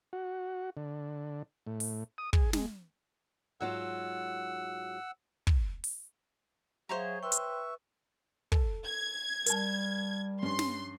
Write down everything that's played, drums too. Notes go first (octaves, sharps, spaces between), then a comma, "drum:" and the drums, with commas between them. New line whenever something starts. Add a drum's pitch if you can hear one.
F#4
D3
A2
drum: open hi-hat
D#6
G#4, drum: kick
G#3, drum: snare
G#2 F#3 F4 F#5 E6
drum: kick
drum: open hi-hat
F#3 G#4 C5 C#5 E5 F5 A#5
B4 E5 G5 C6 C#6
drum: hi-hat
A4, drum: kick
G#6
G3 A#4 A5, drum: hi-hat
G2 C#4 C6
drum: snare